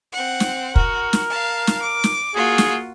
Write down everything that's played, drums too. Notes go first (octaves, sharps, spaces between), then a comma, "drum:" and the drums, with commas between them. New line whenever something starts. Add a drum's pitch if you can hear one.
C4 F#5
drum: snare
F#4 A#4, drum: kick
drum: snare
F5 A5
drum: snare
D6
drum: snare
A#3 F4 F#4 G#4
drum: snare